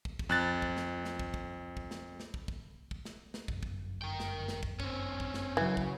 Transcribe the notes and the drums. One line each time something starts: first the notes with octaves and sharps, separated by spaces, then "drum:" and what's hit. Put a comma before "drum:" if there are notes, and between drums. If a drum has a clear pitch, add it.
drum: kick
drum: kick
F2 F#6 A6
drum: kick
drum: snare
drum: snare
drum: kick
drum: kick
drum: kick
drum: snare
drum: snare
drum: kick
drum: kick
drum: kick
drum: snare
drum: snare
G1 F#2 C3, drum: kick
drum: kick
A#4 G5
drum: snare
drum: snare
drum: kick
C4 C#4, drum: kick
drum: kick
drum: snare
C#3 E3 F#3
drum: kick